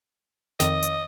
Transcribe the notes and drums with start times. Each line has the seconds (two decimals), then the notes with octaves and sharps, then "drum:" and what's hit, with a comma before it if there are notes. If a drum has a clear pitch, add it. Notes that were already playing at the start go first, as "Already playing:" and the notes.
0.60 F2 D#3 D#5, drum: snare
0.82 drum: hi-hat